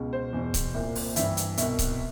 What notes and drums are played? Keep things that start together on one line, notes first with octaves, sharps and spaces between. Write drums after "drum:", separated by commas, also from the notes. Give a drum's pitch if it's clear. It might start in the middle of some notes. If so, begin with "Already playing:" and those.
Already playing: C#2 B2
C5
E2 B2
drum: kick C#1, hi-hat
C2 A#2
drum: open hi-hat
G2 E3 E5, drum: hi-hat
drum: hi-hat
C2 B2 E5, drum: hi-hat
drum: kick C#1, hi-hat